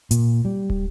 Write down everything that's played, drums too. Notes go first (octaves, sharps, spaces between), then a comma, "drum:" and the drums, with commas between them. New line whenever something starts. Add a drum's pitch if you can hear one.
A#2, drum: hi-hat
G3
drum: kick